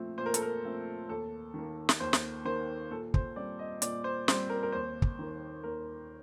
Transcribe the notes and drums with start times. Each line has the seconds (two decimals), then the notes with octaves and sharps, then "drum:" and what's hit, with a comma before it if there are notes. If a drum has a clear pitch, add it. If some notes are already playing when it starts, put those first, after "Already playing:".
Already playing: A#2 F3 A3 C4
0.18 A#2 C5
0.26 A#4
0.34 A4, drum: hi-hat
0.42 A#4
0.63 F3 A3 C4
1.08 D#2 A4
1.54 D#3 A#3
1.89 drum: snare
2.00 D#2 C5
2.13 drum: snare
2.45 D#3 A#3 C5
2.91 A#2 A4
3.14 C5, drum: kick
3.36 G3 C4 D5
3.59 D#5
3.82 A#2 D5, drum: hi-hat
4.04 C5
4.28 G3 C4 C5, drum: snare
4.50 A#4
4.63 A#4
4.72 D#2 C5
5.02 drum: kick
5.19 D#3 A#3
5.64 D#2 A#4